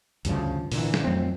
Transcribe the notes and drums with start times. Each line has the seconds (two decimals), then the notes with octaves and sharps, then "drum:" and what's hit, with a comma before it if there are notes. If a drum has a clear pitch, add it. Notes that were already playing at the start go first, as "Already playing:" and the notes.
0.25 D2 G2 C#3 F3, drum: hi-hat
0.72 A#2 D3 E3, drum: open hi-hat
0.94 drum: snare
1.04 F2 F#3 A3 C4